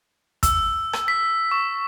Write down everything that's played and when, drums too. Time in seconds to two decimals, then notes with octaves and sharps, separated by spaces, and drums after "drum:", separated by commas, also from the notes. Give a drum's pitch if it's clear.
0.43 E6, drum: kick, hi-hat
0.93 drum: rim click
1.08 B6
1.51 C#6